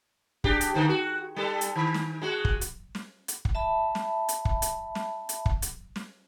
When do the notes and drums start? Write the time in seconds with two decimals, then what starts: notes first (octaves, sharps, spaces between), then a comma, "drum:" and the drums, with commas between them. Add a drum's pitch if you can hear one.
0.44 D4 G4 G#4, drum: kick
0.61 drum: hi-hat
0.74 G#2 D3
0.89 F#4
1.36 G3 A4
1.61 drum: hi-hat
1.76 D#3
1.94 drum: snare
2.22 G#3 F#4
2.45 drum: kick
2.61 drum: hi-hat
2.95 drum: snare
3.28 drum: hi-hat
3.45 drum: kick
3.55 E5 A5 B5
3.95 drum: snare
4.29 drum: hi-hat
4.45 drum: kick
4.62 drum: hi-hat
4.95 drum: snare
5.29 drum: hi-hat
5.46 drum: kick
5.62 drum: hi-hat
5.96 drum: snare